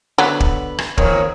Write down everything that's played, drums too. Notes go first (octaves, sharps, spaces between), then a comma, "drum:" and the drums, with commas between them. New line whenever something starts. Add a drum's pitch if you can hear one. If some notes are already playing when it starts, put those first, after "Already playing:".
D3 F#3 B3 B4
drum: kick
drum: rim click
E2 D#3 A#3 C#5, drum: kick